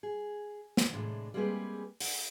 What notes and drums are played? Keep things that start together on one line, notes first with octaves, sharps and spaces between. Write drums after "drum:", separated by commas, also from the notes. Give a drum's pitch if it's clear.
G#4
drum: snare
A2 C3 G#3 D4
G3 G#3 A#3 C4 G#4 B4
F#5, drum: open hi-hat